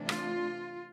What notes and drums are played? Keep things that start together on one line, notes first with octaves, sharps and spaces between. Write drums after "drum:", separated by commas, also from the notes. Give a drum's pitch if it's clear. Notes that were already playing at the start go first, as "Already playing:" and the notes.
Already playing: C3 E3 A3 D4
F4, drum: rim click